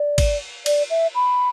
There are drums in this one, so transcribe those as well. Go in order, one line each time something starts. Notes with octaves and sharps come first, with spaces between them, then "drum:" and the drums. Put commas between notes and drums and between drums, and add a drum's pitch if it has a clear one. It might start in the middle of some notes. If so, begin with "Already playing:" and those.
Already playing: D5
drum: kick, cymbal
D5, drum: cymbal
E5
B5